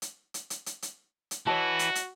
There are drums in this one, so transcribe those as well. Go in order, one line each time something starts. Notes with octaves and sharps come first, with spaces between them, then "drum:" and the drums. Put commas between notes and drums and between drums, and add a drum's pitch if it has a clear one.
drum: hi-hat
drum: hi-hat
drum: hi-hat
drum: hi-hat
drum: hi-hat
drum: hi-hat
E3 F#4 C#5 D#5 A5
drum: hi-hat
drum: hi-hat